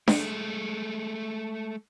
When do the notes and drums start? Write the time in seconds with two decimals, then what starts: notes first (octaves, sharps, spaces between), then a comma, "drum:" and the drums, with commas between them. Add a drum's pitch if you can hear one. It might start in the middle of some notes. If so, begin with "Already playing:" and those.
0.08 G#3 A3, drum: snare D4